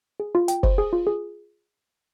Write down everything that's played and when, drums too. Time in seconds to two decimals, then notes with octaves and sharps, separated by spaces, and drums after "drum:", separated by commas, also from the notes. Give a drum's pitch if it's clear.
0.20 G#4
0.35 F4
0.48 G5, drum: hi-hat
0.63 C5, drum: kick
0.78 G#4
0.93 F4
1.07 G#4